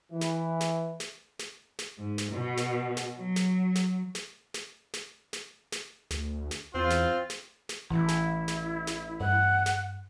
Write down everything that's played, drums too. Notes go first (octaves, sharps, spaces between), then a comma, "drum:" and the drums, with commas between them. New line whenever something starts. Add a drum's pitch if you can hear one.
E3
drum: snare
drum: snare
drum: snare
drum: snare
drum: snare
G#2
drum: snare
B2
drum: snare
drum: snare
F#3
drum: snare
drum: snare
drum: snare
drum: snare
drum: snare
drum: snare
drum: snare
D2, drum: snare
drum: snare
E2 C4 F4
drum: snare
drum: snare
drum: snare
A1 E3 E4
drum: snare
drum: snare
drum: snare
G2 F#5
drum: snare